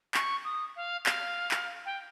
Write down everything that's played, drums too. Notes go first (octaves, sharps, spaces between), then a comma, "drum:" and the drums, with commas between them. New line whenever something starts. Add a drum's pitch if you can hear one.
C#6, drum: clap
D#6
F5
F5, drum: clap
drum: clap
G5